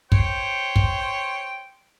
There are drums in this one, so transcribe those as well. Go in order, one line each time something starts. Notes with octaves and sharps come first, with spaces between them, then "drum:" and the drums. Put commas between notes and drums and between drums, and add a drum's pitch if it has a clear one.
C5 C#5 G5, drum: kick
drum: kick